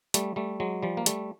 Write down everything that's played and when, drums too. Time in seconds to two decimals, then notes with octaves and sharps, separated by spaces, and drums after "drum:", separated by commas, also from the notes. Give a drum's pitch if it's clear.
0.14 G3 A3, drum: hi-hat
0.36 G3 A3
0.60 F#3 G#3
0.83 F3 G3
0.97 A#3
1.06 G3 A3, drum: hi-hat